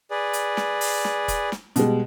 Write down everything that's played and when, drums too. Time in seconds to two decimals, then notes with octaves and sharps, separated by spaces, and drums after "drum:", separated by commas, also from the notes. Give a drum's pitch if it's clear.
0.11 G#4 B4 D5
0.33 drum: hi-hat
0.57 drum: snare
0.81 drum: open hi-hat
1.05 drum: snare
1.28 drum: kick, hi-hat
1.52 drum: snare
1.76 B2 G3 G#3, drum: hi-hat